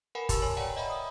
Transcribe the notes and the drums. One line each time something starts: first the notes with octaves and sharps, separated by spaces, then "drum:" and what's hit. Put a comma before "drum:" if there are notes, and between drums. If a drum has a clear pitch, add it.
A#4 B4 F#5 G#5 B5
G4 A5 C6 C#6 E6, drum: kick, hi-hat
C#5 G#5 C6
B4 D5 F#5 G5 A#5
D#5 E5 F#5 A#5 B5
D#6